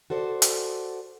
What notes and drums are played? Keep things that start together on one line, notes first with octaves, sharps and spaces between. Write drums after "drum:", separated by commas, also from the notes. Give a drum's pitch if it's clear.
F#4 A4 C5 D5
drum: hi-hat